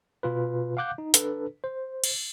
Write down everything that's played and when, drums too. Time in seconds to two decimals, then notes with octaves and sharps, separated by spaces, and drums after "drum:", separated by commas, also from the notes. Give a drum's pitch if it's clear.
0.23 B2 F4 B4
0.77 F5 F#5 D6 F#6 G6
0.98 D#4
1.14 D4 A4 B4, drum: hi-hat
1.64 C5
2.04 drum: cymbal